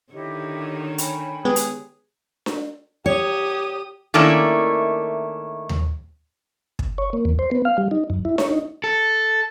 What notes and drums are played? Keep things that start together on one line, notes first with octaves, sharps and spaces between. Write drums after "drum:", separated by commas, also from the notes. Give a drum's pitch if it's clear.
D3 D#3 E4 G4 C#5 D#5
G5 G#5 B5, drum: hi-hat
G#3 B3 G4 G#4
drum: hi-hat
drum: snare D4
G4 C#5 D#6
D#3 A3 A#3 C#4 D4 E4
drum: tom D#2
drum: kick
C#5
A#3
E2
C5
B3
F5
G3
D#4
F#2
E4
C#5, drum: snare D4
D#4
A4